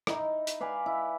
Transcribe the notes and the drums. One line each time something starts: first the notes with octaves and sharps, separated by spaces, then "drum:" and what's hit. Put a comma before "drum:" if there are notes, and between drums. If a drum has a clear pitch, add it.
D#4 E4, drum: rim click
drum: hi-hat
B4 D5 F5 G#5
E4